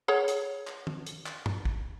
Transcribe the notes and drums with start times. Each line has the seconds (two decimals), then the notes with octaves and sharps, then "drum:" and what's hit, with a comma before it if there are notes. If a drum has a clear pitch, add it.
0.08 G#4 C#5 F#5
0.28 drum: hi-hat
0.67 drum: clap
0.87 drum: tom
1.07 drum: hi-hat
1.26 drum: clap
1.46 drum: tom
1.65 drum: kick